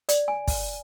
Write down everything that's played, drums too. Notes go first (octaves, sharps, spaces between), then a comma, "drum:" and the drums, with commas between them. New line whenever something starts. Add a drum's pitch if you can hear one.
D5, drum: hi-hat
G#5
drum: kick, open hi-hat